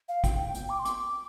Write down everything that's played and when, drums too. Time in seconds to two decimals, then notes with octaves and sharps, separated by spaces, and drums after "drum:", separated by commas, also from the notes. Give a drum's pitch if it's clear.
0.09 F5
0.24 G5, drum: kick, hi-hat
0.39 G5
0.54 G5, drum: hi-hat
0.70 D6
0.79 C6
0.85 D6, drum: hi-hat